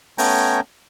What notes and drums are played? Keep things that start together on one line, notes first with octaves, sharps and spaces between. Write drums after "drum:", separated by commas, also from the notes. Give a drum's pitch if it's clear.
A3 B3 C#4 G5 G#5 A#5, drum: open hi-hat